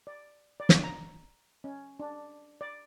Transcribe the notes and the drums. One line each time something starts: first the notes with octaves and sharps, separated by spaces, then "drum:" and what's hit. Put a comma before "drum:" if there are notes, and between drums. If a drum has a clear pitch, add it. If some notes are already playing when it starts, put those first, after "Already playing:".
D5
D5
drum: snare
A#5
C#4
D4
D5